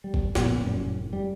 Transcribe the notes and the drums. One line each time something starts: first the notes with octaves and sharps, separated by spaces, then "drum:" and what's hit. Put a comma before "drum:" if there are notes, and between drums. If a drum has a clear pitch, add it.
G3
drum: kick G#1
F#1 A#2 F3 B3, drum: snare
F1 F#2 A2 C#4
G3